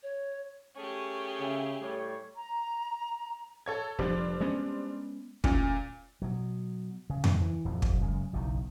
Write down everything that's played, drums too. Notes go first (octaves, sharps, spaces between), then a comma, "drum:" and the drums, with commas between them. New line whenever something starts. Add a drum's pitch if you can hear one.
C#5
A3 C#4 G4 G#4
C#3 E5
A2 G3 A3 C#5
A#5
A4 C#5 G#6
F1 A#2 F3 G3 C4 D4
G#3 B3 C#4
D2 A#2 C#4, drum: kick
B2 F#3
C#3
drum: tom F2
E3
D#1 F2
drum: kick
F#2 C#3 G#3
F#1 B1 B2 D#3